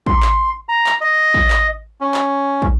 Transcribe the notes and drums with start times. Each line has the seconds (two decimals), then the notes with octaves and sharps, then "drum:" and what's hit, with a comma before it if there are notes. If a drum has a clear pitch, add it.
0.06 C6, drum: kick
0.22 drum: clap
0.69 A#5
0.86 drum: clap
1.01 D#5
1.34 drum: kick
1.50 drum: clap
2.01 C#4
2.14 drum: clap
2.62 drum: kick